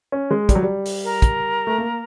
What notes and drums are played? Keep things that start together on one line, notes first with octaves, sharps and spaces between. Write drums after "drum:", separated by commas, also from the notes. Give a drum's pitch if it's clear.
C#4
G#3
G3, drum: kick, hi-hat
F#3
G3
drum: open hi-hat
A#4
drum: kick, hi-hat
A3
A#3